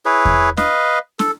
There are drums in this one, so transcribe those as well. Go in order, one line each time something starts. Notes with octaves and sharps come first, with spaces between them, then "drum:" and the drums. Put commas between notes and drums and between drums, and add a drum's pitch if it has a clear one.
E4 G#4 B4 C#5
drum: kick E2
B4 D#5 F5, drum: snare
A4, drum: snare